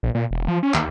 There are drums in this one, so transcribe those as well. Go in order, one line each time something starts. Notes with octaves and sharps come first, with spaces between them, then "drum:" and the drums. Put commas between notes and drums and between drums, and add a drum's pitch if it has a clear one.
A#1
A#2
E1
F3
C#4
D#2, drum: clap